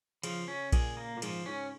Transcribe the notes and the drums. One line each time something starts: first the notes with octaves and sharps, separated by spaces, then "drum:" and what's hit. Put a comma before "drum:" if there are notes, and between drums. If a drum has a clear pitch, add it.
C#3 F3, drum: cymbal
C#4
A#2 G#4, drum: kick A#1, cymbal
A#3
A#2
G#2 F3, drum: cymbal
G#2 C#4